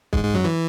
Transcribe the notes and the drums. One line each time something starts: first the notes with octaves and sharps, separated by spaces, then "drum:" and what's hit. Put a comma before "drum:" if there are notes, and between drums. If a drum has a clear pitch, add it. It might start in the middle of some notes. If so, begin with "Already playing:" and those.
G#2 G#3, drum: kick
G#2 G#3
F#2 F#3
E3